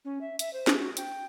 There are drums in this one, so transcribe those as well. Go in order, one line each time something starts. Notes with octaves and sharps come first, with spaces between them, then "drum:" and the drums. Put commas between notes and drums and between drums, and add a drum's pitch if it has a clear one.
C#4
E5
E5, drum: hi-hat
C5
drum: snare
F#4
G5, drum: hi-hat